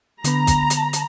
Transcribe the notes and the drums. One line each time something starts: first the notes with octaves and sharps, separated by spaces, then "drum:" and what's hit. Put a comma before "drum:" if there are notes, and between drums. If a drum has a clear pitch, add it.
D3 B3 A#5 B5, drum: hi-hat
drum: kick, hi-hat
drum: hi-hat
drum: hi-hat